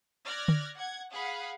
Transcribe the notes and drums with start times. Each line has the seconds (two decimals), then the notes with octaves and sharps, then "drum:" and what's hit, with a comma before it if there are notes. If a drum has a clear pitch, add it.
0.25 D5 F6 F#6 G#6 A#6
0.48 drum: tom D3
0.75 F#5 G#6
1.13 G#4 F5 F#5 B5